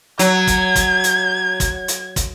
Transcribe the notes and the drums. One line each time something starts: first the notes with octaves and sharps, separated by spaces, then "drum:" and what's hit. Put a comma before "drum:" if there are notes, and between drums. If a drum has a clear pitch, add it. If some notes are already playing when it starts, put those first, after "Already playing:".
F#3 G#6, drum: hi-hat
drum: kick, hi-hat
drum: kick, hi-hat
drum: hi-hat
drum: kick, hi-hat
drum: hi-hat
drum: kick, hi-hat